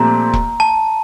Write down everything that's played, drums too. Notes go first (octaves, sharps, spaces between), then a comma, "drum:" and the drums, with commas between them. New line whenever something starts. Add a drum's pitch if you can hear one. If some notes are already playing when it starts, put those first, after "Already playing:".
Already playing: A#2 F3 A3 C4 G4 A#5
drum: kick E1
A5